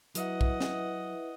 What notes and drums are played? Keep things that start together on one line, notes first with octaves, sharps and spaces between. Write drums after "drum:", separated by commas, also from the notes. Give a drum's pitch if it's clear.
F#3 E4 B4 D#5 E5 F#5, drum: hi-hat
drum: kick
drum: snare